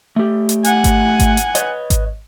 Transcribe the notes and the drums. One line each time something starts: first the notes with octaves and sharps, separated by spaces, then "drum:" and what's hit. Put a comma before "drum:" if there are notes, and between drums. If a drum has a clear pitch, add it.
A3 G4
drum: hi-hat
F#5 G#5, drum: hi-hat
drum: kick G#1, hi-hat
drum: kick G#1, hi-hat
drum: hi-hat
B4 C#5 D#5, drum: hi-hat
drum: kick G#1, hi-hat